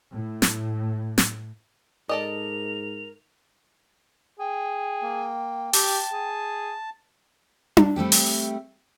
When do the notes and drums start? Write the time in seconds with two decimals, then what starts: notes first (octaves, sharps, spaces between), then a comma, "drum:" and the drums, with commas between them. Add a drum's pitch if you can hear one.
0.11 A2
0.42 drum: snare
1.18 drum: snare
2.09 G#2 A4 A#4 D5 D#5 F7
4.39 G#4 G5
5.02 A#3
5.73 G4 A5, drum: open hi-hat
6.12 G#4
7.77 drum: tom D4
7.96 G3 A3 C4 G4
8.12 drum: open hi-hat